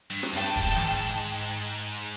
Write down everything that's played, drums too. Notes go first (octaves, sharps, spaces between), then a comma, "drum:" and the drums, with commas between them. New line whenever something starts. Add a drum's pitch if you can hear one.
G2
drum: rim click
G2 G5 A5
G#2, drum: kick D#1
drum: snare